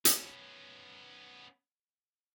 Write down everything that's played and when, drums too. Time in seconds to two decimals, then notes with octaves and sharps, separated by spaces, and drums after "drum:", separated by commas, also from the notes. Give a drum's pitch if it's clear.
0.05 B3 C#4, drum: hi-hat